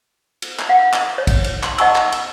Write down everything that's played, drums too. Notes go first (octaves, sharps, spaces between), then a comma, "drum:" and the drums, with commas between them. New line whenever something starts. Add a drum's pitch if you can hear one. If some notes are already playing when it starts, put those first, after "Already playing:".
drum: cymbal
drum: clap
F5 F#5
drum: clap
C#5
drum: kick, cymbal
drum: cymbal
C6, drum: clap
D#5 F#5 A5 C#6 E6, drum: cymbal
drum: clap
drum: cymbal